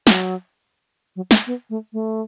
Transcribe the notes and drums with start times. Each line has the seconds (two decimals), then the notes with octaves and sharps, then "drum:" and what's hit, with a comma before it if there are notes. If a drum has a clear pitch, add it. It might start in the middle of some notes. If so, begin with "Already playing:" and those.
0.07 F#3, drum: snare
1.16 F#3
1.31 A3, drum: snare
1.46 B3
1.70 A3
1.93 A3